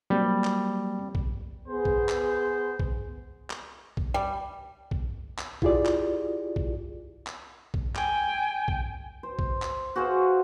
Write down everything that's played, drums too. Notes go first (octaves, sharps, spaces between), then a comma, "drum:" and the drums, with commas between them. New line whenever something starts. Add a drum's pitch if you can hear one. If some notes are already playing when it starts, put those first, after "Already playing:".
F#3 G3 A#3 C4
drum: clap
drum: kick
B3 G#4 C5
drum: kick
drum: clap
drum: kick
drum: clap
drum: kick
G3
drum: kick
drum: clap
E4 F4 G4 G#4 D5, drum: kick
drum: clap
drum: kick
drum: clap
drum: kick
G5 G#5, drum: clap
drum: kick
C5
drum: kick
drum: clap
F#4 G#4 C5 F5